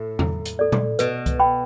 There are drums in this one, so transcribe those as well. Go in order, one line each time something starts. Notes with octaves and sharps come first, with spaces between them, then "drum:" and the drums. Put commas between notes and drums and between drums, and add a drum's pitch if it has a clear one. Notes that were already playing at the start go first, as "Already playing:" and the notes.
Already playing: A2
E4, drum: tom E2
drum: hi-hat
A4 D5
drum: tom A#2
B2 B4, drum: hi-hat
drum: kick C2, hi-hat
G5 B5